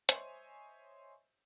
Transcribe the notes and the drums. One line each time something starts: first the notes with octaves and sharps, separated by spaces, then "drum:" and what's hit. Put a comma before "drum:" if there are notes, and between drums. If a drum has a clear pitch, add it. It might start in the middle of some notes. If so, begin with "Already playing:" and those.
C5 C#5 D#5 E5 G#5, drum: hi-hat